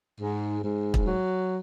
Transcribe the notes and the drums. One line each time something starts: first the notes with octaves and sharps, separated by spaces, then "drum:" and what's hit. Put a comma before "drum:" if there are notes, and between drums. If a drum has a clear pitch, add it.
G#2
G#2
drum: kick
F#3